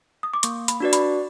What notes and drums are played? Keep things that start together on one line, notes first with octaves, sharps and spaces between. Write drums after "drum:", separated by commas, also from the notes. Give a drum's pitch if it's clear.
D#6
D6
A#3 C#6, drum: hi-hat
B5, drum: hi-hat
D4 F#4 B4 D5
B5, drum: hi-hat